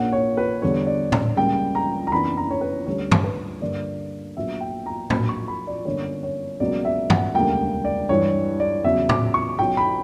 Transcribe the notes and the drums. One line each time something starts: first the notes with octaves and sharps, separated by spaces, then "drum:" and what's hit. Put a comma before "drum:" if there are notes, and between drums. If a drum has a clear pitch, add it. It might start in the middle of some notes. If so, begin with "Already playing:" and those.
Already playing: A#1 A#2 A#3 C#4 F#5
C#5
B4
E2 D3 G3 C#5
D5
drum: tom
C#2 C#3 G3 A#3 G5
A#5
A#5
F#1 F#2 E3 B3 D4 B5
A#5
C#5
B4
D2 D3 G3 C#4 C#5
drum: tom
B4
G2 D3 A#3 D5
A#1 A#2 F#3 B3 E5
G5
A#5
A#1 A#2 F#3 A#3 B5, drum: tom
C#6
B5
D5
G1 F#2 D3 A#3 C#4 C#5
C#5
C#2 B2 F#3 A#3 D5
E5
F#5, drum: tom
E1 D2 C#3 G3 A#3 G5
D5
G2 E3 G3 C#5
D5
E2 C#3 F#3 E5
D6, drum: tom
C#6
B1 B2 F#3 C#4 G5
B5